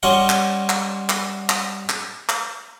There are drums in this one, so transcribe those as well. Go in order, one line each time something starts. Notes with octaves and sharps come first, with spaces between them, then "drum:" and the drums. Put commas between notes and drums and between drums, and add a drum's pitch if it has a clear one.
G3 C#4 D#5 F#5 C6 C#6
drum: clap
drum: clap
drum: clap
drum: clap
drum: clap
drum: clap